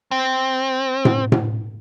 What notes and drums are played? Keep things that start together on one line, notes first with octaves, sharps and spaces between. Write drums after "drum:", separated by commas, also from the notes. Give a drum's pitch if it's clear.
C4
drum: tom A2
drum: tom A2